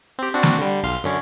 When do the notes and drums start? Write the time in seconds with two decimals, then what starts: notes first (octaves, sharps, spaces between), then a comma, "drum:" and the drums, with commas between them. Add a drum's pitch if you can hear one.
0.19 C4 G4
0.33 C4 D4 F#4
0.43 drum: snare
0.59 D3 G3
0.83 B1 F5 C6
1.04 F#2 D3 C#4